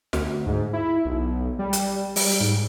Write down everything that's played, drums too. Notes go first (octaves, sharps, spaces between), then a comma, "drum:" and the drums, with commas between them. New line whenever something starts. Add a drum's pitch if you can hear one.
D2, drum: snare
G#2
E4
B1
G3
drum: hi-hat
G3, drum: open hi-hat
G#2